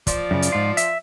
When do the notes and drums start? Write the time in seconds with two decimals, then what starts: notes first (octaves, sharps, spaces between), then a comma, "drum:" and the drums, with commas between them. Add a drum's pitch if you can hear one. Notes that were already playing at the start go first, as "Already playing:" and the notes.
0.07 F3 D5, drum: kick, hi-hat
0.31 F#2 C#3
0.42 drum: hi-hat
0.52 G#2 F4
0.77 E5, drum: hi-hat